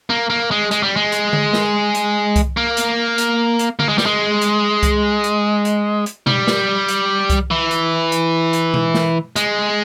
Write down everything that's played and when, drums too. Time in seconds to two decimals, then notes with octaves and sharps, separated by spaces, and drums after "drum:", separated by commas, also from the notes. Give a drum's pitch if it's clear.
0.10 A#3
0.30 A#3
0.51 G#3
0.71 G#3, drum: hi-hat
0.83 G3
0.96 G#3
1.12 drum: hi-hat
1.33 drum: tom D3
1.53 drum: snare
1.95 drum: hi-hat
2.36 drum: kick C2, hi-hat
2.57 A#3
2.77 drum: hi-hat
3.18 drum: hi-hat
3.59 drum: hi-hat
3.79 A#3, drum: tom D3
3.89 G#3
3.98 G3, drum: snare
4.06 G#3
4.42 drum: hi-hat
4.83 drum: kick C2, hi-hat
5.24 drum: hi-hat
5.65 drum: hi-hat
6.06 drum: hi-hat
6.27 G3, drum: tom B2
6.47 drum: snare
6.88 drum: hi-hat
7.30 drum: kick C2, hi-hat
7.51 E3
7.71 drum: hi-hat
8.12 drum: hi-hat
8.53 drum: hi-hat
8.74 drum: tom B2
8.94 drum: snare
9.36 G#3, drum: hi-hat